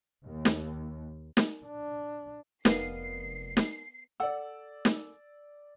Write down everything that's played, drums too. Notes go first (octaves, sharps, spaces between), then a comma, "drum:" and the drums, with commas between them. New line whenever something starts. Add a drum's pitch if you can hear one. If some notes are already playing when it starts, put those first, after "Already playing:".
D#2
drum: snare
drum: snare
D4
F1 B3 A#4 B4 D5 D#5 F5 C7, drum: snare
drum: snare
A4 D5 F#5 E6
drum: snare